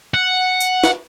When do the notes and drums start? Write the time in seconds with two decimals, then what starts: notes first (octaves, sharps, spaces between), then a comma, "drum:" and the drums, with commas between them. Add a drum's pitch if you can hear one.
0.14 F#5
0.60 drum: tambourine
0.84 drum: snare